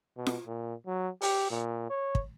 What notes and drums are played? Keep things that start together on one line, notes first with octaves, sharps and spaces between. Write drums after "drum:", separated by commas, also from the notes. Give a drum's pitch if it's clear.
B2
drum: snare F4
A#2
F#3
G4, drum: open hi-hat
A#2
C#5
drum: kick